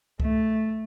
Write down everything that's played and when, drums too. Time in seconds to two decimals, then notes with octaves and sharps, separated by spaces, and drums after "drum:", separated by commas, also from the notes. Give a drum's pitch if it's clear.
0.20 A3, drum: kick C2